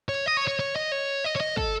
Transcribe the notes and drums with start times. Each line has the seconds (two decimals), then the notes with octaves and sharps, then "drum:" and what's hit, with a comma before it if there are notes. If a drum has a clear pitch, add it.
0.09 C#5
0.26 D#5
0.37 C#5
0.48 C#5
0.59 C#5
0.76 D#5
0.92 C#5
1.24 D#5
1.36 C#5
1.41 D#5
1.57 A4, drum: kick